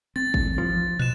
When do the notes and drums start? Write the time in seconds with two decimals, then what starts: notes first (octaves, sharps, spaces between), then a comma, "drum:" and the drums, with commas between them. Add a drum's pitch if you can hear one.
0.16 C4 A6
0.34 drum: kick
0.58 F3
0.99 B2 F#6 E7